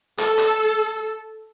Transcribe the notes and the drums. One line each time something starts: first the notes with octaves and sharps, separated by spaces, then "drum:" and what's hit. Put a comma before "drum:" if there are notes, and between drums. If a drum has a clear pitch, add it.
A4, drum: clap
drum: clap